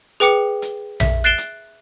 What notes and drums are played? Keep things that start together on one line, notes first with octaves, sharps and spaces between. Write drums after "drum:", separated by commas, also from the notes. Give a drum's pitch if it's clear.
G#4 B4 G5 D6 C#7
drum: hi-hat
E5, drum: tom A#1
F#6 A6 C7 D7 E7 G7
drum: hi-hat